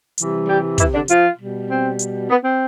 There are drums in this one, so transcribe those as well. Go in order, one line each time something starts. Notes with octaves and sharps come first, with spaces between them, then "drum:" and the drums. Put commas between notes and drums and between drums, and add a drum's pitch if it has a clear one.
C3 E3 G3, drum: hi-hat
G3 G4
E3 E4, drum: kick, hi-hat
D3 D4
F3 F4, drum: hi-hat
B2 G3
C4
drum: hi-hat
B3
C4